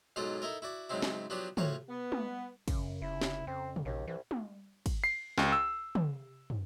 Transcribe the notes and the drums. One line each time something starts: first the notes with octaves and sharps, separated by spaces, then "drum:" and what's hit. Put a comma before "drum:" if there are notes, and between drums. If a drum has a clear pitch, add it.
B1 G#2 F#3 F4 A4 F#5
D#4 E4 A4 A#4
E4 F#4 D5
G#2 C#3 F#3 G#3 C4 E4
drum: snare
F3 F#3 B3 D4 F#4 G4
A2 F3 F#4 C#5 F5, drum: tom
B3
drum: tom
F#2 C#3, drum: kick, cymbal
F1 E4
drum: snare
F2 C4
drum: tom
A#1 D#2
C2 E3
drum: tom
drum: kick, cymbal
C7
C#2, drum: snare
E6
drum: tom
drum: tom